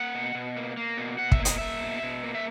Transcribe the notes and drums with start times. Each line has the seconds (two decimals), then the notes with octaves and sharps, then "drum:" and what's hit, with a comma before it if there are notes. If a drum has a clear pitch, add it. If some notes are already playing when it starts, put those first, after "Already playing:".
Already playing: A#3 F#5
0.15 B2
0.35 B2
0.56 A#3
0.77 A#3
0.97 B2
1.19 B2 F#5
1.32 E5, drum: kick
1.40 A#3
1.45 D#5, drum: hi-hat
1.58 A#3 E5
1.81 B2
2.03 B2
2.24 A#3
2.35 E5